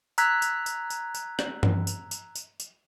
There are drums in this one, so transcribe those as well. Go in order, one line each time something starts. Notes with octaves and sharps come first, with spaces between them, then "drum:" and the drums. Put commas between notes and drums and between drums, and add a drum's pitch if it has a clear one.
A#5 E6 F#6 G#6 B6, drum: tambourine
drum: tambourine
drum: tambourine
drum: tambourine
drum: tambourine
drum: rim click
drum: tom G2
drum: tambourine
drum: tambourine
drum: tambourine
drum: tambourine